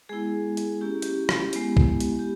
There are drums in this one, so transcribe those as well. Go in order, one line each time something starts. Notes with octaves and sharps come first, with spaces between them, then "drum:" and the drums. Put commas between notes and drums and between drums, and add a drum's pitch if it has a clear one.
G#3 B3 E4 G#4
drum: hi-hat
A#3 C#4 E4 G4
G4, drum: hi-hat
drum: rim click
G#3 B3 E4, drum: hi-hat
drum: kick
drum: hi-hat
G4